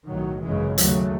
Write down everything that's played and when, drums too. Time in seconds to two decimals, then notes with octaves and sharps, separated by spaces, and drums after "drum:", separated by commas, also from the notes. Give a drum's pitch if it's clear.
0.09 B1 A2 D#3 F#3
0.43 G#1 F#2 C#3 E3 G#3
0.78 D#2 C#3 F#3 A3, drum: hi-hat